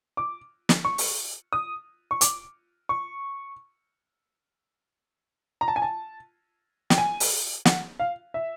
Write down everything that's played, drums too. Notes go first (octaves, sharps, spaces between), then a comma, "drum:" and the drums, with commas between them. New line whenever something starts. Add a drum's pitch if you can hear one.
D6
drum: snare
C#6
drum: open hi-hat
D#6
C#6
D6, drum: hi-hat
C#6
A#5
A5
G#5
A5
G5, drum: snare
G#5
drum: open hi-hat
F#5, drum: snare
F5
E5